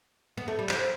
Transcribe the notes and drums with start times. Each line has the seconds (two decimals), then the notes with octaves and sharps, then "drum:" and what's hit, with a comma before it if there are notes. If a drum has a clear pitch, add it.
0.37 B3
0.48 A3
0.59 G3
0.69 F3, drum: clap